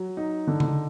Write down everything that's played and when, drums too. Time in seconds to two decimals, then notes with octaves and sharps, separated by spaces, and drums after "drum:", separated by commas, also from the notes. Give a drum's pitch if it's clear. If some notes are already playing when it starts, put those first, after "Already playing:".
Already playing: F#3
0.17 D#4
0.47 D3
0.60 drum: tom C#3